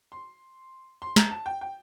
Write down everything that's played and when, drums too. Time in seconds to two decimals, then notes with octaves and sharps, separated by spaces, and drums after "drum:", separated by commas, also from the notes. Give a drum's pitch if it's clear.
0.12 C6
1.02 C6
1.16 A#5, drum: snare
1.31 A5
1.46 G5
1.61 G5